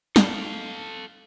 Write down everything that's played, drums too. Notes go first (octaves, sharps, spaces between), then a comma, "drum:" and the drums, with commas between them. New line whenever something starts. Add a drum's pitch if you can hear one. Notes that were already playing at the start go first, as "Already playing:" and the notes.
A4 F5, drum: snare